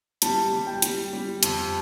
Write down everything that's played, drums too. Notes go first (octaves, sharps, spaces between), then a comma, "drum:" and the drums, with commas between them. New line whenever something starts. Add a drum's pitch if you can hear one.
G3 A5, drum: hi-hat
G3
G5
G3, drum: hi-hat
G3
F2, drum: hi-hat